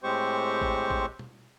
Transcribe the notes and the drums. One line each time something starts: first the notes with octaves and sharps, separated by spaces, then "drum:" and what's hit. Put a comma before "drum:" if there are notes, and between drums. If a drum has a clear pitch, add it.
A2 G#3 C4 G4 C5 C#6
drum: kick
drum: kick
drum: tom